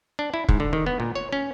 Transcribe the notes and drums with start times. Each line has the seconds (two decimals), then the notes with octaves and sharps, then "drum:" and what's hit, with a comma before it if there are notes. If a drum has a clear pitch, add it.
0.19 D4
0.34 E4
0.49 G#2, drum: kick
0.60 D3
0.73 D#3
0.86 B3
1.00 A#2
1.16 C#5
1.33 C#4